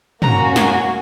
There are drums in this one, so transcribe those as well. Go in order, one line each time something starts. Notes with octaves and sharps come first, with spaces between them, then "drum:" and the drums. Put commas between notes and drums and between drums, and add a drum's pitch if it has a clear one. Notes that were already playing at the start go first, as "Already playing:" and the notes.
A#3 C#4 F#4 A#5, drum: tom
G#5, drum: snare